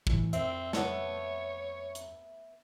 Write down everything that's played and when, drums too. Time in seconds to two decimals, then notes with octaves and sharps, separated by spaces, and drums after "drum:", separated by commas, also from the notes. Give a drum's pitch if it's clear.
0.07 A2 E3, drum: kick
0.33 F2 C4 E5, drum: hi-hat
0.73 A3 B3 C#5, drum: snare
1.95 drum: hi-hat